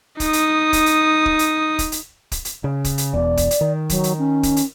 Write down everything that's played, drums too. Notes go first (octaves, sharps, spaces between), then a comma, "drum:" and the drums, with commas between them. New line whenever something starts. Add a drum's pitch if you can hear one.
D#4 D#6, drum: kick, hi-hat
drum: hi-hat
drum: kick, hi-hat
drum: hi-hat
drum: kick
drum: hi-hat
drum: kick, hi-hat
drum: hi-hat
drum: kick, hi-hat
drum: hi-hat
C#3
drum: kick, hi-hat
drum: hi-hat
E1 E2 D5
drum: kick, hi-hat
drum: hi-hat
D#3
F#3, drum: kick, hi-hat
drum: hi-hat
C#4
drum: kick, hi-hat
drum: hi-hat